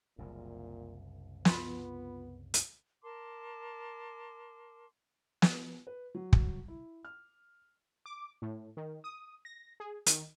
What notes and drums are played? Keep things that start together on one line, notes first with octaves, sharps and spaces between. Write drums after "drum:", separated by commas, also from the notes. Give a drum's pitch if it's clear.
F#1 C2 F#2 A#2
B3 F4 B5, drum: snare
drum: hi-hat
A#4 A5 C6 D6
drum: snare
B4
F#3
drum: kick
E4
F6
D6
A2
D#3
D#6
A#6
G#4
D#3, drum: hi-hat